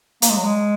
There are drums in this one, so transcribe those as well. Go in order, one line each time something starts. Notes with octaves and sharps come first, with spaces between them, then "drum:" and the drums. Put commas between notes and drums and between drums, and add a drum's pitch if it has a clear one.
A#3, drum: hi-hat
G#3
F#3
G#3